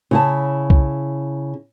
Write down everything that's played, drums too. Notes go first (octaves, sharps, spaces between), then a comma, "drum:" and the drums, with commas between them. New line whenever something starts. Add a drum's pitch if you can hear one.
C#3 E4 A5
drum: kick